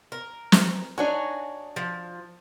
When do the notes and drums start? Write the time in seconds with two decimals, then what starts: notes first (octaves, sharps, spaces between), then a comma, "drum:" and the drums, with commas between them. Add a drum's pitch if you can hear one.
0.12 A#4
0.52 drum: snare
0.98 D4 D#4 F#4 C#5 G#5
1.76 F3